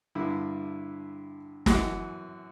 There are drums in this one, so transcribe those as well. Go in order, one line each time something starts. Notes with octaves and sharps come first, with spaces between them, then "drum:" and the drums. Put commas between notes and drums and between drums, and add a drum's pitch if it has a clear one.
G2 D3 E4
F#2 E3 F#4, drum: snare